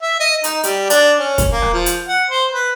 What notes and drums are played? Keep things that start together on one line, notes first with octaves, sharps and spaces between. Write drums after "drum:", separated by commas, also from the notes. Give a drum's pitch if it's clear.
E5
D#5
D#4, drum: hi-hat
G3, drum: hi-hat
D4, drum: hi-hat
C#4
drum: kick, hi-hat
A#3
drum: rim click
F3
drum: hi-hat
F#5
C5
B4